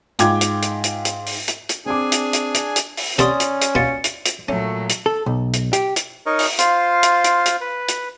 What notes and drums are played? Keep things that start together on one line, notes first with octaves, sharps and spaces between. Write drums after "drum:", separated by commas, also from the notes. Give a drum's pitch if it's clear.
G#2 F4 G5 D6 G#6, drum: hi-hat
drum: hi-hat
drum: hi-hat
drum: hi-hat
drum: hi-hat
drum: open hi-hat
drum: hi-hat
drum: hi-hat
C4 D4 G#4 G#5 D6
drum: hi-hat
drum: hi-hat
drum: hi-hat
drum: hi-hat
drum: open hi-hat
C3 B3 C#4 A4 D5 C6 D#6, drum: hi-hat
drum: hi-hat
drum: hi-hat
B2 B3 F4 A6 C#7
drum: hi-hat
drum: hi-hat
A#2 F#3 A3 C#4
drum: hi-hat
A4
B1
drum: hi-hat
G4, drum: hi-hat
drum: hi-hat
D#4 A#4 C#5 D#5
drum: open hi-hat
F4 C5 F5, drum: hi-hat
drum: hi-hat
drum: hi-hat
drum: hi-hat
B4
drum: hi-hat